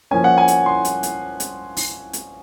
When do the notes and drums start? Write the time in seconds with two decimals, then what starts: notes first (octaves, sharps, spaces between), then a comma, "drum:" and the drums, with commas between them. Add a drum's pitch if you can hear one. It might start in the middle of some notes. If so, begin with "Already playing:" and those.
0.11 F3 A#3 C#4 G#5
0.24 F#5
0.38 G#5
0.48 drum: hi-hat
0.66 C6
0.85 drum: hi-hat
1.03 drum: hi-hat
1.40 drum: hi-hat
1.77 drum: open hi-hat
2.13 drum: hi-hat